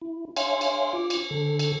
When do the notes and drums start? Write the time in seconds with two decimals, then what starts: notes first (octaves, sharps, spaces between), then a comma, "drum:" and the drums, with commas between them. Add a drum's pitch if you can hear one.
0.01 E4
0.37 C#5 E5 F5 G#5 C6, drum: cymbal
0.61 drum: cymbal
0.93 F4 D6
1.10 drum: cymbal
1.31 D3 A4
1.59 drum: cymbal